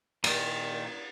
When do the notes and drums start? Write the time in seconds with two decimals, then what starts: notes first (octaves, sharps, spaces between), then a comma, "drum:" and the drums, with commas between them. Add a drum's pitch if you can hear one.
0.24 A#2 D#3, drum: cymbal